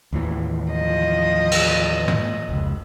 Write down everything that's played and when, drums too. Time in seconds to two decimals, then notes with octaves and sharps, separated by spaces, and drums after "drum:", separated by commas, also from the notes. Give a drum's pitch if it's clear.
0.13 D#2 A2 E3
0.67 F3 D#5
1.51 drum: cymbal
2.08 drum: tom
2.49 F1 C#2